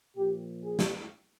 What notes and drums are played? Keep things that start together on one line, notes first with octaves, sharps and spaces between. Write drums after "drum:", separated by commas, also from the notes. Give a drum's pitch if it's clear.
A#2 F3 G4
G#4
drum: snare